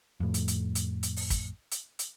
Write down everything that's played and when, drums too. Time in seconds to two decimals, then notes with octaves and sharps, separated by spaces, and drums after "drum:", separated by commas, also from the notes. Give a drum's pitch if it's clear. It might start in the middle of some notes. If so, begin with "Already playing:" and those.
0.20 F2 A2
0.34 drum: hi-hat
0.48 drum: hi-hat
0.75 drum: hi-hat
1.03 drum: hi-hat
1.16 drum: open hi-hat
1.30 drum: kick, hi-hat
1.71 drum: hi-hat
1.99 drum: hi-hat